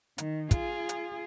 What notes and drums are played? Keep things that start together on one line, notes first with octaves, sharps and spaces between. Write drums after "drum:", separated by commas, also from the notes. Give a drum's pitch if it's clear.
D#3, drum: hi-hat
F4 G#4, drum: kick, hi-hat
drum: hi-hat